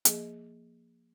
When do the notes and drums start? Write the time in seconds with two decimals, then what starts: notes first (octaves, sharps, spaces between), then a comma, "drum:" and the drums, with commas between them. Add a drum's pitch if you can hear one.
0.05 F3 A#3 G#4 D#5, drum: hi-hat